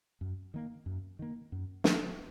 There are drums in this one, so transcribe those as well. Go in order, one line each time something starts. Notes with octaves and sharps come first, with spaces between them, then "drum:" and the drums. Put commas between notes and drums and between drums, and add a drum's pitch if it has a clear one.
F#2
D#3 A#3
F#2
D#3 A#3
F#2
D#3 A#3, drum: snare